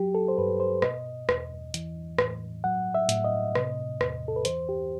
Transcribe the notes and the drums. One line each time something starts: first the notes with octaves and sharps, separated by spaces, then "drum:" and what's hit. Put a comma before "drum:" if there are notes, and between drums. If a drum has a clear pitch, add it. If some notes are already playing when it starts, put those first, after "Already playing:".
Already playing: F#3 G4
A4
C5
G2 B4
C5
B2 D#5, drum: rim click
E2, drum: rim click
E3, drum: hi-hat
A2, drum: rim click
F#3 F#5
E5
A2, drum: hi-hat
D#5
C3, drum: rim click
E2, drum: rim click
A4
B4
E3 C5, drum: hi-hat
G4